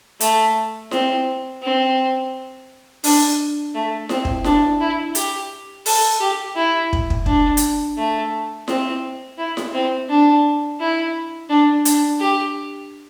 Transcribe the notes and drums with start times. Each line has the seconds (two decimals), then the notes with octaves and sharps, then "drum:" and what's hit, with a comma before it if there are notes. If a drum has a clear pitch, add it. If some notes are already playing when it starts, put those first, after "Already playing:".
0.21 A3, drum: hi-hat
0.91 C4, drum: snare E4
1.62 C4
3.04 D4, drum: open hi-hat
3.74 A3
4.09 C4, drum: snare E4
4.25 drum: kick
4.44 D4, drum: snare E4
4.80 E4
5.15 G4, drum: hi-hat
5.86 A4, drum: open hi-hat
6.20 G4
6.55 E4
6.93 drum: kick
7.10 drum: kick
7.26 D4, drum: kick
7.57 drum: hi-hat
7.97 A3
8.68 C4, drum: snare E4
9.38 E4
9.57 drum: snare E4
9.73 C4
10.09 D4
10.80 E4
11.49 D4
11.85 D4, drum: hi-hat
12.20 G4